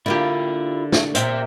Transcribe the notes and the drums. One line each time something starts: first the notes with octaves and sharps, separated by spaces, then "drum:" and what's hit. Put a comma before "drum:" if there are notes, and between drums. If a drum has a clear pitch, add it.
D3 A#3 E4 F4 G4
drum: snare
A#2 C4 C5 E5 G5, drum: hi-hat